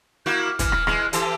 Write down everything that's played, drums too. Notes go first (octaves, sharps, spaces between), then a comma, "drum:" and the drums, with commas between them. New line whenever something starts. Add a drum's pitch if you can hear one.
A#3 E4 F#4 G6
F6
E3, drum: kick, hi-hat
drum: rim click
E3 G#3, drum: rim click
E3 G4 A4, drum: hi-hat